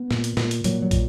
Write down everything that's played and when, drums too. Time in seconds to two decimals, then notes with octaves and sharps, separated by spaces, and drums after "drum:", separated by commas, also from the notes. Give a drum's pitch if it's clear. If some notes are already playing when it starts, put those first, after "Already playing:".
Already playing: B3
0.11 A#2, drum: snare
0.24 drum: hi-hat
0.37 A#2, drum: snare
0.51 drum: hi-hat
0.64 A#2 F#3, drum: hi-hat
0.82 F#3
0.91 A#2, drum: kick, hi-hat